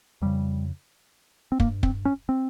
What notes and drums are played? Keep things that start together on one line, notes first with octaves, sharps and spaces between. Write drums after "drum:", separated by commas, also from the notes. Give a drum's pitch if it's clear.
F2 C#3 G3
C4
G2 A#3, drum: kick
C4, drum: kick
C#4
C4